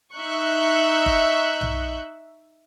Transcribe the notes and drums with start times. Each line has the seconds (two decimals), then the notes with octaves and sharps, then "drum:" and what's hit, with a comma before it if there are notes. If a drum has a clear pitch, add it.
0.15 D#4 E5 C#6 F#6 G6
1.06 drum: kick
1.61 drum: tom B1